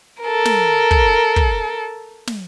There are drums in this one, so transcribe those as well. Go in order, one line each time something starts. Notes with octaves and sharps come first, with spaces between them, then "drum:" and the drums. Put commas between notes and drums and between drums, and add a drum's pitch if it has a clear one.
A4 A#4
drum: snare
drum: kick
drum: kick
drum: snare